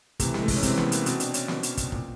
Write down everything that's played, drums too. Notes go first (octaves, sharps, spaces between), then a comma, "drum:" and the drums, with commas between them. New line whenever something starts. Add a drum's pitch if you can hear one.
C3 E3 A3, drum: kick, hi-hat
G#3, drum: snare
A3
G#3, drum: kick, open hi-hat
C#4
C3 E3 C4, drum: kick, hi-hat
B3, drum: snare
A#3, drum: hi-hat
B2 C4, drum: hi-hat
D4, drum: hi-hat
C#4, drum: hi-hat
B2 C4, drum: snare
drum: hi-hat
drum: kick, hi-hat
A#2, drum: kick